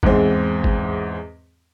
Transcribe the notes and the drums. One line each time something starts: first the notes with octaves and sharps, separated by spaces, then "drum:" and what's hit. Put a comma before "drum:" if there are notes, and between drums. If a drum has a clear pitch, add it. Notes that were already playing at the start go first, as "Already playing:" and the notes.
E2 G#2 G#3 C4, drum: kick
drum: kick